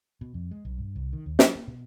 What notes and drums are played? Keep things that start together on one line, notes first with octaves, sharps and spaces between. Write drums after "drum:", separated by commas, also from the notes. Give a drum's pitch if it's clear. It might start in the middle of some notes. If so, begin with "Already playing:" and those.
B2
F2
G#3
B1
G2
C2
D#3
D#2
F#3, drum: snare
A#3
B2